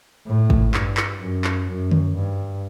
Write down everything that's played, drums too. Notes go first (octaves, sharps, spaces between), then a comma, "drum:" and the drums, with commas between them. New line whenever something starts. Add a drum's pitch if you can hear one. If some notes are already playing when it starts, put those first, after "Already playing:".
A2
drum: kick
G2, drum: clap
drum: clap
F#2
drum: clap
F#2
drum: tom D3
G2